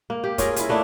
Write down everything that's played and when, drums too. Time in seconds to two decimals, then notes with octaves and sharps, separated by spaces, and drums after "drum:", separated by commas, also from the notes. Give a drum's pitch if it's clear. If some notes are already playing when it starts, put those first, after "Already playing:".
0.10 A#3
0.24 G4
0.38 C#4 F4 G#4 A#4, drum: kick, hi-hat
0.56 E4 G#4, drum: hi-hat
0.69 A3 A#3 D4 E4